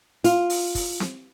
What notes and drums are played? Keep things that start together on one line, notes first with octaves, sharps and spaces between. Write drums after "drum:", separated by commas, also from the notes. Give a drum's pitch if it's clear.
F4, drum: hi-hat
drum: open hi-hat
drum: kick, open hi-hat
drum: snare C4